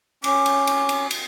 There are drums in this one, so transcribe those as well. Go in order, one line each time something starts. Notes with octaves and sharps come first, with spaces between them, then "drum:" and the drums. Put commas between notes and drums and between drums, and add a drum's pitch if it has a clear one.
C#4 D6, drum: cymbal
drum: cymbal
drum: cymbal
drum: cymbal
drum: cymbal